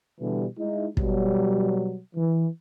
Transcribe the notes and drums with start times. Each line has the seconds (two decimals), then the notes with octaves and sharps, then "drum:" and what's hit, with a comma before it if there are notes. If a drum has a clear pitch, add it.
0.21 B2 D3 E3 G3
0.58 G#3 D#4 E4
0.97 B2 F#3 G3, drum: kick
2.15 E3